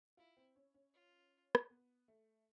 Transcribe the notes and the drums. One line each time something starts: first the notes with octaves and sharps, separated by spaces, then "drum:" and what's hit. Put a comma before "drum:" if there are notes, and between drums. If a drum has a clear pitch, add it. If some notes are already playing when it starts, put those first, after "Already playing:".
E4 F4
C4
C#4
C#4
F4
drum: rim click
B3
A3